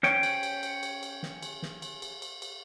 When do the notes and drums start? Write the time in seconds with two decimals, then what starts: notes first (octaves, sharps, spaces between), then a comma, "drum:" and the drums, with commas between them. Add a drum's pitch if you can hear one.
0.03 C#4 C5 C#5 G5, drum: snare
0.23 drum: cymbal
0.43 drum: cymbal
0.63 drum: cymbal
0.83 drum: cymbal
1.03 drum: cymbal
1.23 drum: snare
1.43 drum: cymbal
1.62 drum: snare
1.82 drum: cymbal
2.02 drum: cymbal
2.22 drum: cymbal
2.42 drum: cymbal